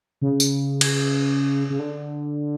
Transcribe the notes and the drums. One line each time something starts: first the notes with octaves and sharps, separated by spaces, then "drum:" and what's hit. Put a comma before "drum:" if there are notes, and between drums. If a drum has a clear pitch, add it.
C#3
drum: tambourine
drum: cymbal
C#3
D3